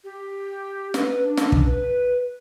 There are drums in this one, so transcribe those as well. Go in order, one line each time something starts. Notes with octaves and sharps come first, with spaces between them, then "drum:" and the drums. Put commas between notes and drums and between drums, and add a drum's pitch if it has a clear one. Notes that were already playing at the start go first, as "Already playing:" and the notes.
G4
B4, drum: snare
D4
drum: snare
drum: kick
B4